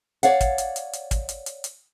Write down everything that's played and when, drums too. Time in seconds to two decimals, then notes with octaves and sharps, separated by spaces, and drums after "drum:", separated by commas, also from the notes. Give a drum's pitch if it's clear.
0.23 C#5 D5 F5 F#5, drum: hi-hat
0.41 drum: kick, hi-hat
0.58 drum: hi-hat
0.76 drum: hi-hat
0.93 drum: hi-hat
1.11 drum: kick, hi-hat
1.29 drum: hi-hat
1.46 drum: hi-hat
1.64 drum: hi-hat